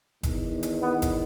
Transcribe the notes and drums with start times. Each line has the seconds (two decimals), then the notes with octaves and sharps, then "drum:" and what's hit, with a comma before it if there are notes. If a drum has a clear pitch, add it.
0.23 E2 D#3, drum: kick F#1, hi-hat
0.63 drum: hi-hat
0.82 B3
1.02 drum: kick F#1, hi-hat